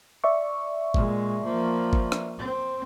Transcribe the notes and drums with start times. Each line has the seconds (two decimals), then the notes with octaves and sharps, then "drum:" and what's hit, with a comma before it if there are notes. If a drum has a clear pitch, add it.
0.24 D5 E5 C#6
0.94 A#2 G#3, drum: kick G1
1.44 F3 A#3
1.93 drum: kick G1
2.12 drum: rim click
2.38 C4